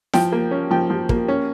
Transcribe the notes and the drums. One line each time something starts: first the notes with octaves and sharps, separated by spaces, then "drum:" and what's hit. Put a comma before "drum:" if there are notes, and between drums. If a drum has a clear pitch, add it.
F3 G5, drum: snare E4
A#3
C#4
F3 G5
F3
A#3, drum: kick
C#4